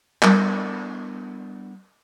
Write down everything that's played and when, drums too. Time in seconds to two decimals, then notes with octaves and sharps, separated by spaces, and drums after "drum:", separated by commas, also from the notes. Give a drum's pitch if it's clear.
0.23 G3 B3 D4 E4 A4 A#4, drum: clap